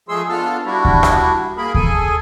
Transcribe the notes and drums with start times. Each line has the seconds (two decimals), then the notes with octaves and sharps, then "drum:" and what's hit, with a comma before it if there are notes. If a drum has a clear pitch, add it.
0.09 F3 G#3 A3 G#4 C6 E6
0.29 B3 D4 F4 A4 A5 F6
0.65 G3 D4 E4 F#4
0.85 drum: kick D#2
1.03 drum: rim click
1.57 A#3 G#4 A#4 B5
1.75 G#4 A4 G#5, drum: kick D#2